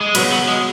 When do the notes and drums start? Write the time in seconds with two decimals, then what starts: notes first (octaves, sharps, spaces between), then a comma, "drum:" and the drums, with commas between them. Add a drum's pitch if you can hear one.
0.01 G#3
0.15 C#3 F#3 B3 F#4 B4, drum: cymbal
0.32 F#3
0.48 G#3